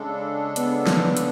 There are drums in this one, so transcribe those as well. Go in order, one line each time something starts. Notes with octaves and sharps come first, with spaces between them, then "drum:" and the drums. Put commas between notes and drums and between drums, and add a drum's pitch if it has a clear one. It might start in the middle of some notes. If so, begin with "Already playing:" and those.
Already playing: C#3 G#3 D4 A4
B3, drum: hi-hat
drum: snare
drum: hi-hat